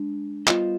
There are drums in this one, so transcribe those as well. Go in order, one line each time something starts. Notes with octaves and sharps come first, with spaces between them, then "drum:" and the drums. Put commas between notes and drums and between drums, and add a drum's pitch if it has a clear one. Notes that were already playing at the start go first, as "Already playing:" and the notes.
Already playing: G#3 D4
G3 B3 F4 C5 D#5, drum: clap